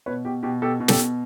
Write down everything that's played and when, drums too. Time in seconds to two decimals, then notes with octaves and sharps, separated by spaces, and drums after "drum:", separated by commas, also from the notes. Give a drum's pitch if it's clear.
0.06 B2 B4 C#5
0.25 B2 G4
0.43 B2 G4
0.62 B2 G4 A4
0.80 B2
0.88 G4 A4, drum: snare
0.98 B2